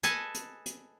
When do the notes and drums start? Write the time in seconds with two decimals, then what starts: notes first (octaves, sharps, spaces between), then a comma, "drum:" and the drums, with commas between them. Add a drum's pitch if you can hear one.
0.03 G#4 A4 B4 D#5 G#5 A5, drum: hi-hat
0.35 drum: hi-hat
0.66 drum: hi-hat